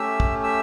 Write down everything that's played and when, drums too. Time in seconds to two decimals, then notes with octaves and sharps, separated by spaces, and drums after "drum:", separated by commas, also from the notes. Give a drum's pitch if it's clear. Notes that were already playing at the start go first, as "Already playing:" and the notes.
Already playing: A3 C#4 G4 E5 E6
0.20 drum: kick
0.44 E5 E6